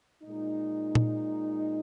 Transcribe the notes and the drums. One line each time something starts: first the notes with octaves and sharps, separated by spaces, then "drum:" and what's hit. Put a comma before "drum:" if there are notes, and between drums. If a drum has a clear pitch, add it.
A#2 G#3 D#4
drum: tom A#2